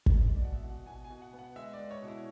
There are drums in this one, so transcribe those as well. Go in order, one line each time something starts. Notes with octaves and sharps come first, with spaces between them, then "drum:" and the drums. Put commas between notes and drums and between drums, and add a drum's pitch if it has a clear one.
drum: kick
G#3
D5
B2 F#5
E5
B2
F#5
B2 G#5
G#5
B2
F#5
B3
F#5
G#3 E5
D5
G#3
C#5
B2
E4